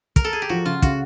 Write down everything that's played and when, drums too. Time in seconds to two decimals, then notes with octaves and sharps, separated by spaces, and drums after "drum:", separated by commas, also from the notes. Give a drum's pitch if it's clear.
0.16 A#4, drum: kick, hi-hat
0.24 A4
0.33 G#4
0.42 G4
0.49 F3 F#4
0.65 C#3 F4
0.82 C#3 F#4, drum: kick, hi-hat